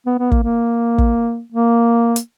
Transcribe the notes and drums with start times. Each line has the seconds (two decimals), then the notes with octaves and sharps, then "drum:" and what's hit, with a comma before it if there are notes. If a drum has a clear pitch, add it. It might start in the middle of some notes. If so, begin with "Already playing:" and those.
0.06 B3
0.19 B3
0.31 A#3, drum: kick
0.43 A#3
0.98 drum: kick
1.52 A#3
2.16 drum: hi-hat